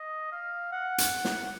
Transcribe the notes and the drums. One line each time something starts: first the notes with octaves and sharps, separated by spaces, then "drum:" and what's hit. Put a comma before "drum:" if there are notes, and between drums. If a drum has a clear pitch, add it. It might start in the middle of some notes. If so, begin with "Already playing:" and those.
Already playing: D#5
F5
F#5
drum: hi-hat
drum: snare